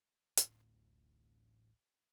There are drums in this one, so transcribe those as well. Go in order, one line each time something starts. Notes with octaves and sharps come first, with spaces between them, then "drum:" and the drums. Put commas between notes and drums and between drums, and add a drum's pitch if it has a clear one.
D1 A1 A2, drum: hi-hat